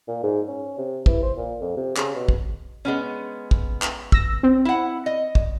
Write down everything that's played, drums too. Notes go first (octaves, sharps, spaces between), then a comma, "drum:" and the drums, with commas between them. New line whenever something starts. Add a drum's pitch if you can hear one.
A#2
G#2
C#4
C3
E3, drum: kick
C5
A#2
F2
C3
C#3, drum: clap
B2
drum: kick
G#3 B3 C#4
drum: kick
drum: clap
E6 A#6, drum: kick
C4
E4 F#5
D#5
drum: kick